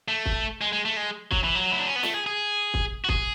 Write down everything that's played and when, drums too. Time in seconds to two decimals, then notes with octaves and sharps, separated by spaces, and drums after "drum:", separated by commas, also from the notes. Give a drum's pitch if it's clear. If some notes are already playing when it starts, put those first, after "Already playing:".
0.08 A3
0.26 drum: kick
0.61 G#3
0.73 G#3
0.85 A3
0.97 G#3
1.31 F#3, drum: kick
1.43 E3
1.55 F#3
1.72 E4
1.79 D4
1.87 C#4
1.96 B3
2.03 A3, drum: snare
2.14 G#4
2.26 G#4
2.74 drum: kick
3.04 F#4
3.09 G#4, drum: kick